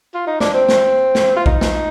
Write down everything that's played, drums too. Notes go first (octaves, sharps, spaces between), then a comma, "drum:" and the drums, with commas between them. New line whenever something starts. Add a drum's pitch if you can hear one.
F4
D#4
D4, drum: snare
C4
drum: snare
drum: snare
F4
D#4, drum: kick A#1
drum: snare